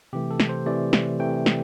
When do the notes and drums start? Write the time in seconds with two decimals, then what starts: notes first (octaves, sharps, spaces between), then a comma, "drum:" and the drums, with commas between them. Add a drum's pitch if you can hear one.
0.13 C3 E3 A3 G4
0.31 A4
0.40 drum: snare
0.49 C5
0.66 C3 E3 A3 D5
0.93 drum: snare
1.20 C3 E3 A3 G5
1.46 drum: snare